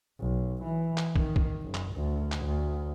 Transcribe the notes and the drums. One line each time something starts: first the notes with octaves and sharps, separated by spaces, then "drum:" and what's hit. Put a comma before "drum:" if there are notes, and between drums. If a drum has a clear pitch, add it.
B1
E3
drum: clap
D#3, drum: kick
drum: kick
F#1
drum: clap
D2
drum: clap
D2